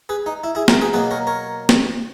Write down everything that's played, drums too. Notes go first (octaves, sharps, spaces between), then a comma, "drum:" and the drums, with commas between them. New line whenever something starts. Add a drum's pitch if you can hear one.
G#4 B4
D#4
E4
E4 G#4
F#4 A#4, drum: snare
G#4 B4
B2 F#3 A#3 G#4 B4
A#4 C#5
A#4 C#5
drum: snare